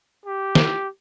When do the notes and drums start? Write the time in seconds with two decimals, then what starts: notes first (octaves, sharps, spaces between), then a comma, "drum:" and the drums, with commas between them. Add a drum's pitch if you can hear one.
0.25 G4
0.55 drum: snare